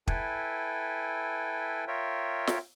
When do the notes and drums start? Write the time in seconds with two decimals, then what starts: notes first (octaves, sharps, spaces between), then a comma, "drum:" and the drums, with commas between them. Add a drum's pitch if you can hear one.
0.07 E4 A4 B4 G5 G#5, drum: kick
1.88 F4 A#4 C#5 E5 G5
2.47 drum: snare